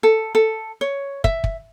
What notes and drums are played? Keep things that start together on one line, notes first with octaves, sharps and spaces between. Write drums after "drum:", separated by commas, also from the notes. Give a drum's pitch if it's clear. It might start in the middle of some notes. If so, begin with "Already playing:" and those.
A4
A4
C#5
E5, drum: kick
drum: kick